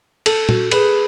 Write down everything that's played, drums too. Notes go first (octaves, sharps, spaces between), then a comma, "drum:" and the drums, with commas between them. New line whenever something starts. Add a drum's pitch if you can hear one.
A4, drum: cymbal
F#4, drum: tom A#2
G#4 B4, drum: cymbal